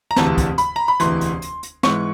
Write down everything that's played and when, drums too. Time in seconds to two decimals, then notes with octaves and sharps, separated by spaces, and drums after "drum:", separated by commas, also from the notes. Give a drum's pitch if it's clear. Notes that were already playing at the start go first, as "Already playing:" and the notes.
0.11 A#5
0.16 E1 D2 C3 E3 A5, drum: snare
0.38 drum: kick, hi-hat
0.58 B5, drum: hi-hat
0.76 A#5
0.88 B5
1.00 E1 D2 C3 E3 C6, drum: hi-hat
1.21 drum: hi-hat
1.42 drum: hi-hat
1.63 drum: hi-hat
1.83 G#2 E3 G#3 C#6, drum: snare